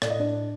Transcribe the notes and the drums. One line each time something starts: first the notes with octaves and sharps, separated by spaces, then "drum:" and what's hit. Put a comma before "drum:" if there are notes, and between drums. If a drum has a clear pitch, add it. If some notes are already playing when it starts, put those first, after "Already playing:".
A2 D5, drum: rim click
D#5
D4 D5